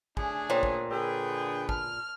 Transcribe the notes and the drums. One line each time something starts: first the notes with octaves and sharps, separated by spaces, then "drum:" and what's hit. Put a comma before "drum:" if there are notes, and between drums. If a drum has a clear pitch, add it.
C#3 A3 D4 G#4 G#5, drum: kick
A#2 C5 C#5 G5
drum: kick
D3 G#4 A#4 B4 G5
A5 F6, drum: kick